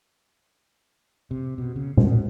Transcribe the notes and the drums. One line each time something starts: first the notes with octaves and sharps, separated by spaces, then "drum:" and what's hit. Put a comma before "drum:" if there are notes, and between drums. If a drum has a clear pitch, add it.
C3
B2
C#3
B2, drum: tom A#2